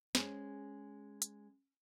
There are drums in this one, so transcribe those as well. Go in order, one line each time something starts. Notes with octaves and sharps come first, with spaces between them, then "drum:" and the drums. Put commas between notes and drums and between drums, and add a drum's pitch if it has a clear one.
G#3 C#4 C5, drum: snare
drum: hi-hat